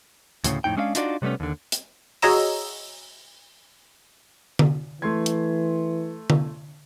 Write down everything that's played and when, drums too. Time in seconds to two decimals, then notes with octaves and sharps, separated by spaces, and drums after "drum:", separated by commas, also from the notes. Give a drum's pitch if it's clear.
0.44 D2 A2 C#3, drum: hi-hat
0.64 F2 A2 D#4 G5
0.77 G#3 C#4 D4 D#5 F5
0.95 D4 D#4 F4 F#4 C#5 D5, drum: hi-hat
1.22 C3 G3 A3 B3 C#4
1.40 D#2 D3
1.72 drum: hi-hat
2.22 F#4 G#4 C#5 D#5 A#5 E6, drum: open hi-hat
4.59 drum: tom D3
5.02 E3 A3 C6 G#6
5.26 drum: hi-hat
6.30 drum: tom D3